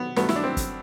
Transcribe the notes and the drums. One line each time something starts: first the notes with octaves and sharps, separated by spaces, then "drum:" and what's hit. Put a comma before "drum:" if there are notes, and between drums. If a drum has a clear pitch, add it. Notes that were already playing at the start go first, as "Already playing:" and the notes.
Already playing: F#3 B3
G2 F#3 A3 B3, drum: snare
E4, drum: snare
D4
C4
drum: kick, hi-hat